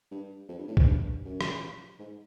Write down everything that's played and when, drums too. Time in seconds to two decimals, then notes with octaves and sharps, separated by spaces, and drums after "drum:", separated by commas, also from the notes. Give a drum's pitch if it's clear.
0.11 G2
0.49 F2
0.58 G2
0.68 A2
0.77 G#2, drum: kick
0.87 G2
1.25 F#2
1.41 drum: rim click
1.99 G#2